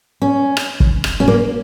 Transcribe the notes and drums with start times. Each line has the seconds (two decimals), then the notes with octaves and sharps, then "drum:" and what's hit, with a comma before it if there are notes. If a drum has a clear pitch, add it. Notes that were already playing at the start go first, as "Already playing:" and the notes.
0.22 C#4
0.57 drum: rim click
0.80 drum: kick
1.04 drum: rim click
1.20 C#4
1.28 A#3